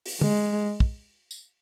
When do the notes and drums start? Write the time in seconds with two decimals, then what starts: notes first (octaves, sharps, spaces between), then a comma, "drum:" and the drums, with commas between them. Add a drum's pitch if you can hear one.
0.06 drum: open hi-hat
0.21 G#3, drum: tom
0.80 drum: kick
1.31 drum: tambourine